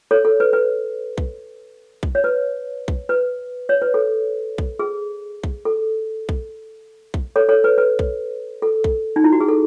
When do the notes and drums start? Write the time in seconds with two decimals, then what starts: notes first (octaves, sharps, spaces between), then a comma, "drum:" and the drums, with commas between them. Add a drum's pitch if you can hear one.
0.11 A4 C#5
0.25 A4
0.40 B4
0.53 B4
1.18 drum: kick
2.03 drum: kick
2.15 C#5
2.24 B4
2.88 drum: kick
3.09 B4
3.69 C#5
3.82 B4
3.94 A4
4.58 drum: kick
4.79 G#4
5.44 drum: kick
5.65 A4
6.29 drum: kick
7.14 drum: kick
7.36 A4 C#5
7.49 A4 C#5
7.64 B4
7.78 B4
7.99 drum: kick
8.62 A4
8.84 drum: kick
9.16 D#4
9.24 E4
9.32 F#4
9.40 G#4
9.48 A4